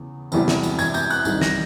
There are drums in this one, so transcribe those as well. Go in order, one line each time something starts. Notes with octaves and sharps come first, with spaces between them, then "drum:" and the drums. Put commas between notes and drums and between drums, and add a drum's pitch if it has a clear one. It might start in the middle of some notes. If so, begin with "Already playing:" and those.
Already playing: E2 C#3
E1 E2 C3 E3 G3, drum: tambourine
drum: snare
drum: tambourine
G#6, drum: tambourine
G6, drum: tambourine
F#6, drum: tambourine
C2 C3 D#3 G3, drum: tambourine
A#6, drum: snare